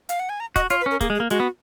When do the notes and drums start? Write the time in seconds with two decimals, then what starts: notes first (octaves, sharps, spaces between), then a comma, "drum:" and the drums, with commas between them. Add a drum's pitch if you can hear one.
0.09 F5, drum: hi-hat
0.20 F#5
0.29 G#5
0.40 A#5
0.56 F#4 D#5, drum: kick, hi-hat
0.70 F4 C#5, drum: hi-hat
0.81 B4
0.86 C#4 A#4
1.01 A#3 G#4, drum: kick, hi-hat
1.10 G#3
1.15 G#4
1.20 A#3
1.30 G#3 F#4, drum: hi-hat
1.40 B3